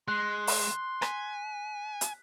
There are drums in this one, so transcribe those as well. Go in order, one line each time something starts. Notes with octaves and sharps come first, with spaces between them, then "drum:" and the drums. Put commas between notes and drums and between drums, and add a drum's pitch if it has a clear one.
G#3 C6 F#6
drum: open hi-hat
G#5 B6, drum: rim click
drum: hi-hat